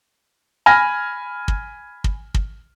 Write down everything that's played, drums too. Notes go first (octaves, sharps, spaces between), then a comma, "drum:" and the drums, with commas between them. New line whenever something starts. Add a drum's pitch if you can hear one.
G#5 B5 F6 A#6
drum: kick
drum: kick
drum: kick